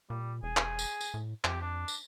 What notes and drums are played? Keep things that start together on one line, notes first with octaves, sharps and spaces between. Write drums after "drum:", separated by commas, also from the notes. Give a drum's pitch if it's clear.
A#2 G3
E1 G#4
drum: clap
drum: tambourine
drum: tambourine
A2
F2 G4, drum: clap
D4
drum: tambourine